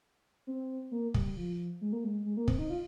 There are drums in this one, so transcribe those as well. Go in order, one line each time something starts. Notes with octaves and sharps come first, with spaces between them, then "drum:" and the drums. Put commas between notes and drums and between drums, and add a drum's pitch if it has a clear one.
C4
A#3
G3, drum: kick
F3
G#3
A#3
G#3
G#3
A#3
C4, drum: kick
D#4
F4